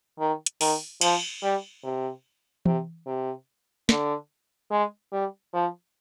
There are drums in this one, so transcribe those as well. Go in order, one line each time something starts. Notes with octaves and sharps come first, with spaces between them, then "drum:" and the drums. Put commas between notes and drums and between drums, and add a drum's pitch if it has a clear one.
D#3
drum: hi-hat
D#3, drum: open hi-hat
F3, drum: cymbal
G3
C3
C3, drum: tom E3
C3
D3, drum: snare
G#3
G3
F3